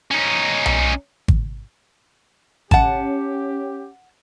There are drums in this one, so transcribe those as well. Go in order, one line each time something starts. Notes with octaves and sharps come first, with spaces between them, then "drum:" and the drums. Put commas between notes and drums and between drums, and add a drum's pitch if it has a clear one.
C#4 D#4
drum: tom B1
drum: kick G#1
C#4 G4 F#5 A5, drum: kick G#1